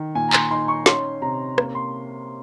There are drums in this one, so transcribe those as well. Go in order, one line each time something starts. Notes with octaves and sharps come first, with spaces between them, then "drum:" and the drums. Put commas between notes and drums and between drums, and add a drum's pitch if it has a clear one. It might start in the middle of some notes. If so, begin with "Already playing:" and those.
Already playing: D#3
A#2 G#5
A#5
C6, drum: clap
D#4 C6
C#6
C#4 C6, drum: snare
C3 A#5
A#3, drum: rim click
C6